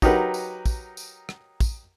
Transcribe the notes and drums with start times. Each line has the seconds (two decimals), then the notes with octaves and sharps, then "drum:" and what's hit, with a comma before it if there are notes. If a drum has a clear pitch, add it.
0.02 F#3 D#4 G4 A#4 B4 F#5, drum: kick, tambourine
0.34 drum: tambourine
0.66 drum: kick, tambourine
0.97 drum: tambourine
1.29 drum: rim click
1.60 drum: kick, tambourine